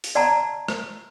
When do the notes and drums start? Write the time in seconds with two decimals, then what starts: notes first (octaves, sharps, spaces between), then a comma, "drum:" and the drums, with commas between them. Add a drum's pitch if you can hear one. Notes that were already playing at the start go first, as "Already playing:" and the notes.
0.04 drum: open hi-hat
0.15 D5 F#5 G5 A5 A#5
0.68 drum: rim click